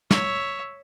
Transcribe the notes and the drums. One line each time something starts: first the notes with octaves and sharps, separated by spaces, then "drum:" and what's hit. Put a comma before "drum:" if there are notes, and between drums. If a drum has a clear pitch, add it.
C#5 E5, drum: snare